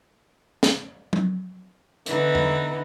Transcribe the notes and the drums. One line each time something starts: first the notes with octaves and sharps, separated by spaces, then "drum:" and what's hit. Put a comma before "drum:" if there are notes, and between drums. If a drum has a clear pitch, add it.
drum: snare
drum: tom F#3
D3 E3 B3 D#4, drum: hi-hat
drum: tom E2